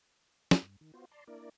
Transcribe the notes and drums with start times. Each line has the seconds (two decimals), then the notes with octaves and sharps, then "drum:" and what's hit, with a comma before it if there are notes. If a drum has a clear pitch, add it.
0.51 drum: snare
0.62 G2
0.81 D#3
0.94 B3 F4 F#4 C5
1.11 D5 A5 A#5 C6
1.27 A#3 D4 E4 A#4 D5